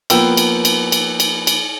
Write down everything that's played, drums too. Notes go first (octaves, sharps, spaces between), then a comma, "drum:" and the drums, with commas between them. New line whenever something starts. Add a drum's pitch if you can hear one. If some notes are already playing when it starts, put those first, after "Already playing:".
F3 A#3 B3 B4 G5 E6, drum: cymbal
drum: cymbal
drum: cymbal
drum: cymbal
drum: cymbal
drum: cymbal